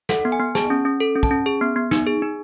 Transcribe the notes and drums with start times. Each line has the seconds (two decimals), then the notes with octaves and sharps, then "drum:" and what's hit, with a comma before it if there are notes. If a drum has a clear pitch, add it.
0.09 A4 F#5, drum: snare
0.25 B3
0.32 G#5
0.40 B3
0.55 G#4 A5, drum: snare
0.70 C#4
0.85 C#4
1.00 A4
1.16 C#4
1.23 A5, drum: kick
1.31 C#4
1.46 G#4
1.61 B3
1.76 B3
1.91 D#4, drum: snare
2.07 G#4
2.22 D#4